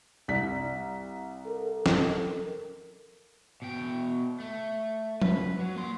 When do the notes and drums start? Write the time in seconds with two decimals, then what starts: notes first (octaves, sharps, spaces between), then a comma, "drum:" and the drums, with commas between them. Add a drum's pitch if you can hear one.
0.28 C2 B6
1.45 A4 A#4
1.86 drum: snare
3.62 B2 G5
4.40 A3
5.22 B4, drum: tom F3
5.59 F#3
5.76 A#3 C6